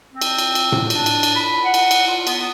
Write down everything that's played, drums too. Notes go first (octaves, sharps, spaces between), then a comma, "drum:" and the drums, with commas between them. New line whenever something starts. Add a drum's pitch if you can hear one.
C4
drum: cymbal
drum: cymbal
drum: cymbal
drum: tom A2
D4, drum: cymbal
drum: cymbal
drum: cymbal
B5
F#5
drum: cymbal
drum: cymbal
F4
B3, drum: cymbal